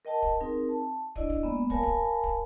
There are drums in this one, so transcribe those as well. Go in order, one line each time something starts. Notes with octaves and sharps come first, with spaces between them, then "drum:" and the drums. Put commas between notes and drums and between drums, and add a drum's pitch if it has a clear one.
A#4 D#5 G5 A5
drum: kick
C4 D#4 G#4 A#4
A5
D4 E4 D5 D#5, drum: kick
drum: kick
G#3 A#3 B3 D5 B5
A#4 C#5 F5 G#5 A5 B5, drum: kick
drum: kick
drum: kick